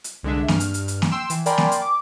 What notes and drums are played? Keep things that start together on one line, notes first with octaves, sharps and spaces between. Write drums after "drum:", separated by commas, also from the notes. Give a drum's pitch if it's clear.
drum: hi-hat
C2 D3 G#3 D4 E5
G2 F6, drum: snare A#3
drum: hi-hat
drum: hi-hat
drum: hi-hat
drum: snare A#3
G5 C6 E6 C7 E7
E3, drum: hi-hat
A#4 D5 G5 G#5 B5 C6, drum: hi-hat
drum: snare A#3
drum: hi-hat
D6